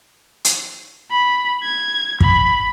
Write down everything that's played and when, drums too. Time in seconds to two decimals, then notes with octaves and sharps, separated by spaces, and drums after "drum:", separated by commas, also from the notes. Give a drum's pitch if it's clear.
0.45 drum: hi-hat
1.11 B5
1.63 G#6
2.20 B5, drum: kick